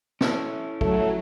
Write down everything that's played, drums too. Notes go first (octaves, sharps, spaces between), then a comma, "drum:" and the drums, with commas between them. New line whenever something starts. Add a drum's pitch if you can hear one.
C#4 E4 A4, drum: snare
F#3 A3, drum: kick